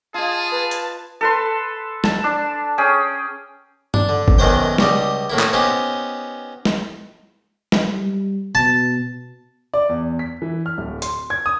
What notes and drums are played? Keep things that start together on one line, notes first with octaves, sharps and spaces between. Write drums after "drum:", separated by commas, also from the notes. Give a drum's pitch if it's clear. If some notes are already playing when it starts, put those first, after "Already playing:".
F4 G#4 D#5 A5
B4
drum: hi-hat
A4 B4 C6
A5, drum: snare
D4
C#4 G#4 G5
D4, drum: tom G2
D3
drum: kick
B1 F#2 D#3 F#3 C5 G5
C#2 G3 D#5, drum: snare
A2 A#3 E4
drum: clap
B3 C#4 D#4 G4 C5
drum: snare
drum: snare
G3
B2 A5
D5
E2
B6
E3
F6
D1
C6, drum: hi-hat
G#6
D#6